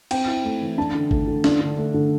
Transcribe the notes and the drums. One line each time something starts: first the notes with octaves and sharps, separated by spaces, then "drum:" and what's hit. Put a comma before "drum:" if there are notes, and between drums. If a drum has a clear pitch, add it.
C4 G5, drum: cymbal
E4
A3
E3
D4 A5
D3
A3, drum: kick G1
D3
D4, drum: snare
D3
A3
D3